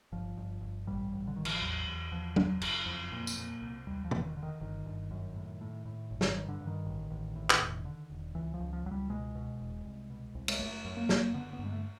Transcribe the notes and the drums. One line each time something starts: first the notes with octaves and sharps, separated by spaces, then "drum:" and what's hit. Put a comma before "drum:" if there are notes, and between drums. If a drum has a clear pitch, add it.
G1 F3
G1
G1
A1 G3
A1
D3
A1 D#3
E3, drum: cymbal
F3
E2 F#3
E2
E2 F3
F#1 F#3, drum: tom F#3
F#1, drum: cymbal
F2
A#2
drum: tambourine
A#2
C2
D#2 G3
F3
E1, drum: tom
E3
D#3
D3
D#3
G1 D#3
G1
F#2
A2
A2
A2
G1
D3, drum: snare
D#3
G2
D3
G2
D#3
A1
A1
A2
drum: clap
E1
D3
E1
C#2 E3
F3
C#2
F3
C#2 F#3
G3
B2 G#3
B2
E1
C2
B2
C2
G#3, drum: cymbal
F#1 A3
F#2
A#3
F#1, drum: snare
D3 B3
B3
G2
G#3
A3